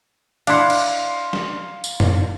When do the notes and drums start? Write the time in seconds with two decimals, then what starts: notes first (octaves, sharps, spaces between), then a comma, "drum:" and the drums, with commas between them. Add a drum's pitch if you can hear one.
0.47 D4 E4 F5 F#5 C6, drum: cymbal
0.70 drum: cymbal
1.33 drum: snare
1.84 drum: tambourine
2.00 drum: tom F#2